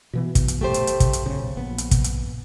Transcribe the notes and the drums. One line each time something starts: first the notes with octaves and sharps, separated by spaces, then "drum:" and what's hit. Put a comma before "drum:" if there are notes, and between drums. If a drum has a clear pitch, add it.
B2 E3 B3
drum: kick, hi-hat
drum: hi-hat
A3 G4 C5
drum: hi-hat
drum: hi-hat
drum: kick, hi-hat
drum: hi-hat
B1 C#3
A#1 B3
drum: hi-hat
drum: kick, hi-hat
drum: hi-hat